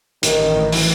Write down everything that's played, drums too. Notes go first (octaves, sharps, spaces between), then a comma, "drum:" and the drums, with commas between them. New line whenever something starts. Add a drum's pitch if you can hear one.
A1 D#3, drum: hi-hat
A1
A2
E3, drum: open hi-hat